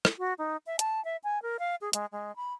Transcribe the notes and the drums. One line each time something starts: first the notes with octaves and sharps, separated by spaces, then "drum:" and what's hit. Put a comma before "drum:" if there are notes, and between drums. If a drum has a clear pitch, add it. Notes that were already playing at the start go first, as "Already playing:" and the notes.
drum: rim click
F#4
D#4
E5
A5, drum: hi-hat
E5
G#5
A#4
F5
G#4
G#3, drum: hi-hat
G#3
B5